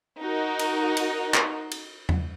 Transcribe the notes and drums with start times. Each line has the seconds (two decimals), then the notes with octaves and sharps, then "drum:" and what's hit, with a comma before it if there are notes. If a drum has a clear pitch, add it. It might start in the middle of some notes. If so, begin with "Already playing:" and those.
0.22 D#4 F#4 A#4
0.59 drum: cymbal
0.97 drum: cymbal
1.34 drum: clap
1.71 drum: cymbal
2.09 drum: tom E2